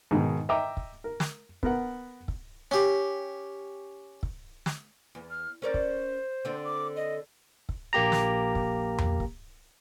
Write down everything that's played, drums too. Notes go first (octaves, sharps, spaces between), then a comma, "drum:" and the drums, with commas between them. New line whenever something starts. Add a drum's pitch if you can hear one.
G#2 B2 D#3
D#5 E5 G5 A#5 D6
drum: kick
A#4
drum: snare
B3 A#4 F#5, drum: kick
drum: kick
C#4 G4
drum: kick
drum: snare
E2
F6
C#4 A#4 C5 D5
drum: kick
D3 C4 D4
D6
D#5
drum: kick
A#1 A#3 G4 A#5
drum: snare
drum: kick
drum: tom E2
drum: kick